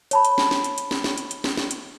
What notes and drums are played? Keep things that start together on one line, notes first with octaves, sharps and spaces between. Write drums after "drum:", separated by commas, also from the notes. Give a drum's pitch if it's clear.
C#5 A5 B5, drum: hi-hat
drum: hi-hat
drum: snare
drum: snare
drum: hi-hat
drum: hi-hat
drum: snare
drum: snare
drum: hi-hat
drum: hi-hat
drum: snare
drum: snare
drum: hi-hat